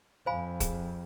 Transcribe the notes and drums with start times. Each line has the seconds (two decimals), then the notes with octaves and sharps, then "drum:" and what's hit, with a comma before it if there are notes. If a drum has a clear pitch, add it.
0.26 F2 C5 F5 G#5 B5
0.60 G#4, drum: kick, hi-hat